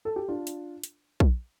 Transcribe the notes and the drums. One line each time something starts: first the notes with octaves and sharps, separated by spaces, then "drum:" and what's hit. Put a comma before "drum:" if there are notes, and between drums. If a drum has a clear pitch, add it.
A4
G4
D4 F4
drum: hi-hat
drum: hi-hat
drum: kick